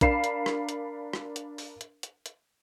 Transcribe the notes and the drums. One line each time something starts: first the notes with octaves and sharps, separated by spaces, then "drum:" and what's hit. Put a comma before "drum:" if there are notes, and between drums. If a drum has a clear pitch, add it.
D4 A#4 F5 B5 C7 E7, drum: kick A#1, hi-hat
drum: hi-hat
drum: rim click
drum: hi-hat
drum: rim click
drum: hi-hat
drum: open hi-hat
drum: hi-hat
drum: hi-hat
drum: hi-hat